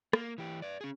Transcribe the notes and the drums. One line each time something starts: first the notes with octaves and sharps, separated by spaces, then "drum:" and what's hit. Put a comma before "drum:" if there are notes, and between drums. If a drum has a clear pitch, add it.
A#3, drum: rim click
E3 G4
B4 D5
C#4 G#4